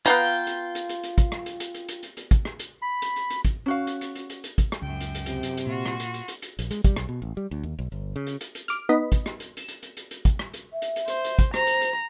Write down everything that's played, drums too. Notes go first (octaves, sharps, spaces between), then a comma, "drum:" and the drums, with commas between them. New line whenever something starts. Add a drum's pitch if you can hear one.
B3 F4 F5 G5 A#5
drum: hi-hat
drum: hi-hat
drum: hi-hat
drum: hi-hat
drum: kick, hi-hat
drum: rim click
drum: hi-hat
drum: hi-hat
drum: hi-hat
drum: hi-hat
drum: hi-hat
drum: hi-hat
drum: kick, hi-hat
drum: rim click
drum: hi-hat
B5
drum: hi-hat
drum: hi-hat
drum: hi-hat
drum: kick, hi-hat
C#4 F#4 F5
drum: hi-hat
drum: hi-hat
drum: hi-hat
drum: hi-hat
drum: hi-hat
drum: kick, hi-hat
drum: rim click
C#2 F#2 G5
drum: hi-hat
drum: hi-hat
C3, drum: hi-hat
drum: hi-hat
drum: hi-hat
A#2 F4 F#4
drum: rim click
drum: hi-hat
drum: hi-hat
drum: hi-hat
drum: hi-hat
A#1, drum: hi-hat
G#3, drum: hi-hat
G3, drum: kick, hi-hat
B1, drum: rim click
B2
A1
G3
D2
D#2
B1
G1
C#3
drum: hi-hat
drum: hi-hat
drum: hi-hat
D6 F6, drum: hi-hat
B3 D#4 D#5 B5
drum: kick, hi-hat
drum: rim click
drum: hi-hat
E7, drum: hi-hat
drum: hi-hat
drum: hi-hat
drum: hi-hat
drum: hi-hat
drum: kick, hi-hat
drum: rim click
drum: hi-hat
E5
drum: hi-hat
drum: hi-hat
C5, drum: hi-hat
drum: hi-hat
drum: kick, hi-hat
C5 A#5, drum: rim click
drum: hi-hat
drum: hi-hat